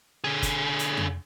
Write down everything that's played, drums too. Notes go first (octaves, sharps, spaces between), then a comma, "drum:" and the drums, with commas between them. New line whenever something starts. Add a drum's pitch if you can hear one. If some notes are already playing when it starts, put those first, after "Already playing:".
D3 G#4
drum: kick, hi-hat
drum: hi-hat
drum: tom F2